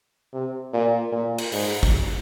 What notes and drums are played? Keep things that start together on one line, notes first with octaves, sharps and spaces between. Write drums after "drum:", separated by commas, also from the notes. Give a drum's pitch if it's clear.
C3
A#2
A#2
drum: cymbal
G#2, drum: open hi-hat
drum: kick